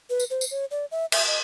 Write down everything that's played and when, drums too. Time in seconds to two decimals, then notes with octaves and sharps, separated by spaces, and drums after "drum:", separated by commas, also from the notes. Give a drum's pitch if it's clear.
0.10 B4
0.20 drum: tambourine
0.30 C5
0.41 drum: tambourine
0.51 C#5
0.71 D5
0.91 E5
1.12 E5, drum: cymbal
1.27 D#5